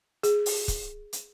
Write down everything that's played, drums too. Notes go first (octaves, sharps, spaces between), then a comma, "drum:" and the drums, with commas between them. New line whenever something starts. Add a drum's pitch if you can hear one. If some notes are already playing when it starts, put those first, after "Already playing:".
G#4, drum: hi-hat
drum: open hi-hat
drum: kick, hi-hat
drum: hi-hat